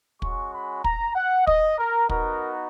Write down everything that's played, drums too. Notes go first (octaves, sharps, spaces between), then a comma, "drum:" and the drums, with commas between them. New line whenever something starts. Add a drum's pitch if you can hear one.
G#3 C#4 F#4 C#6, drum: kick
B5
A#5, drum: kick
F#5
D#5, drum: kick
A#4
B3 D#4 F#4 A#4, drum: kick